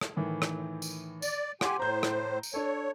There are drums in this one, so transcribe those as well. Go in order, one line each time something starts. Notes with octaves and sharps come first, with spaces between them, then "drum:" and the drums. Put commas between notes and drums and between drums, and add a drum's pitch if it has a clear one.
drum: rim click
A2 D#3 E3
drum: rim click
drum: tambourine
D5, drum: tambourine
G4 F#5 G#5 C6 D6, drum: rim click
A2 C5 A#5 G6
drum: rim click
drum: tambourine
D4 A4 C#5